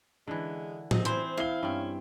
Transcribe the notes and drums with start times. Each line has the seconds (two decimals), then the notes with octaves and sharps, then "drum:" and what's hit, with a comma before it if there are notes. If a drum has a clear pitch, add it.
0.27 D3 E3 G#3
0.91 C4 D#5, drum: tom
1.05 E3 C5, drum: hi-hat
1.37 E4 F5 G7
1.63 G2 C4 C#4